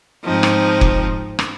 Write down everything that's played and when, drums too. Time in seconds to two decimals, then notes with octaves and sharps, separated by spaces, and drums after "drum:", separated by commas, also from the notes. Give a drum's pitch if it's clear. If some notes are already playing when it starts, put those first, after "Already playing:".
0.24 G#2 F3 C4 D#4
0.43 drum: rim click
0.81 drum: kick F1
1.39 drum: rim click